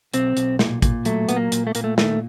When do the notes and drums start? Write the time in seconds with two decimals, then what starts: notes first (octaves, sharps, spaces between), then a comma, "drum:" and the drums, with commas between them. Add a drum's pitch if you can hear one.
0.14 B1 C4, drum: hi-hat
0.37 B1, drum: hi-hat
0.59 A#2, drum: snare
0.82 A#2, drum: kick, hi-hat
1.05 F#3 A3, drum: hi-hat
1.29 A#2 B3, drum: hi-hat
1.36 A#3
1.52 A#2, drum: hi-hat
1.67 A3
1.75 A#2 A#3, drum: hi-hat
1.84 A3
1.98 D#3 A3, drum: snare